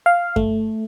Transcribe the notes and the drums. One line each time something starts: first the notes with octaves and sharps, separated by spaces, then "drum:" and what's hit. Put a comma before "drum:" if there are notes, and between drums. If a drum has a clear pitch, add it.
F5
A3, drum: kick F#2